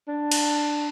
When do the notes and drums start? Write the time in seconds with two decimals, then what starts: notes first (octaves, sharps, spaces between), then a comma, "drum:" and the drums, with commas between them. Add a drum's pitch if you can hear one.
0.08 D4
0.32 drum: cymbal